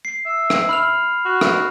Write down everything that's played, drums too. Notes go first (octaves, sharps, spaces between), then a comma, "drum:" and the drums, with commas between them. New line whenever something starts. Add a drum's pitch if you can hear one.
C7
E5
drum: rim click
B5 F6 F7
F#4
drum: rim click